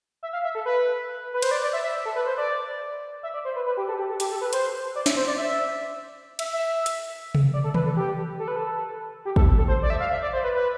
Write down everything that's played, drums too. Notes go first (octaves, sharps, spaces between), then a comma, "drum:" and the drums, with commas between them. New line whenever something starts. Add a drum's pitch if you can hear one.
E5
F5
E5
A4
B4
B4
C5, drum: cymbal
D5
D5
E5
E5
A4
B4
C5
D5
E5
D5
C5
B4
B4
G4
A4
G4
A4
G4, drum: hi-hat
A4
B4
C5, drum: hi-hat
D5
E5, drum: snare
C5
D5
E5
E5, drum: cymbal
E5
drum: hi-hat
drum: tom C3
D5
A4
B4, drum: tom D#3
A4
G4
A4
B4
A4
G4
A4, drum: kick
A4
C5
D5
E5
F5
E5
D5
C5
B4
B4